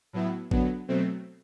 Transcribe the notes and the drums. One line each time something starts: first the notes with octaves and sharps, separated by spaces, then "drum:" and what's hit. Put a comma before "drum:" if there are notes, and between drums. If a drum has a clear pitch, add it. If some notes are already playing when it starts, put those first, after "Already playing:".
A2 F#3 B3 E4
D3 F#3 B3, drum: kick G#1
B2 F#3 A3 C4